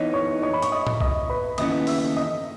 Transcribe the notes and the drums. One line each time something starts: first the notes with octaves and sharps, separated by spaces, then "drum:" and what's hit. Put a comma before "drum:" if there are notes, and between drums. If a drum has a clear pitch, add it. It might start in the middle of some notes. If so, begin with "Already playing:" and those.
Already playing: E3 B3 D#4 C#5
C#5 C#6
C#5 C#6
B5
C#6, drum: hi-hat
D#5 D#6
drum: tom A2
D#5 D#6, drum: kick B1
B4 B5
D#2 C#3 E3 B3 D#5 D#6, drum: cymbal
E5 E6, drum: open hi-hat
D#5 D#6